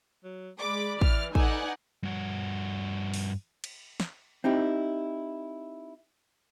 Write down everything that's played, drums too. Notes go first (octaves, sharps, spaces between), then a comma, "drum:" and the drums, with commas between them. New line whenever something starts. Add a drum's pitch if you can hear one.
F#3
G#3 D5 B5 D6
E3 F6, drum: kick
D#4 A4 B4 D5 F#5 G#5, drum: kick
G2 F#4
drum: open hi-hat
drum: cymbal
drum: snare
C4 D#4 E4 G4